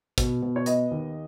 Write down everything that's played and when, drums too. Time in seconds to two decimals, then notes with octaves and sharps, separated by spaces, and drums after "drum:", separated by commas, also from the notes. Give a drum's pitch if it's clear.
0.18 B2, drum: kick, hi-hat
0.42 B2
0.56 C#5
0.66 B3 D#5, drum: hi-hat
0.91 D#2